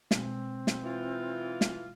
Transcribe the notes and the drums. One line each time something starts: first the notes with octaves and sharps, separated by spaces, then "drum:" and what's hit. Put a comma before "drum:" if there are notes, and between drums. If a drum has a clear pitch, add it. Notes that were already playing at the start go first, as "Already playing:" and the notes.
B2 G#3 C4, drum: snare
drum: snare
E3 F4
drum: snare